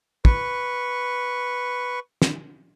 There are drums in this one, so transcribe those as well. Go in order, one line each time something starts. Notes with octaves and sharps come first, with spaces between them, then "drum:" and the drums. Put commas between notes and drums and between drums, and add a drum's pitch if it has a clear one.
B4 C#6, drum: kick
drum: snare